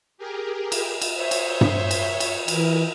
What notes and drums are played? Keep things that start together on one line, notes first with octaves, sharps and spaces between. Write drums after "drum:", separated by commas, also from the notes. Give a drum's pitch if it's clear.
G4 G#4 A#4
drum: cymbal
drum: cymbal
C5 C#5 E5
drum: cymbal
drum: tom G2
drum: cymbal
drum: cymbal
E3 E4 A#4, drum: cymbal